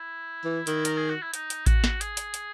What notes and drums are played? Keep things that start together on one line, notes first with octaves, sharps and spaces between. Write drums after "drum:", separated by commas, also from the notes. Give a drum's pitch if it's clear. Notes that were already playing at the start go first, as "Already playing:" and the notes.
Already playing: E4
E3
D#3, drum: hi-hat
A#4, drum: hi-hat
G#4
F#4
E4
D#4, drum: hi-hat
drum: hi-hat
F#4, drum: kick A1, hi-hat
drum: snare
G#4, drum: hi-hat
drum: hi-hat
drum: hi-hat